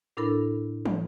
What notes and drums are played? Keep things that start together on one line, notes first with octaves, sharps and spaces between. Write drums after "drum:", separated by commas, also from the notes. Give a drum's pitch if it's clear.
A2 D4 E4 A4 A#4 B5
drum: tom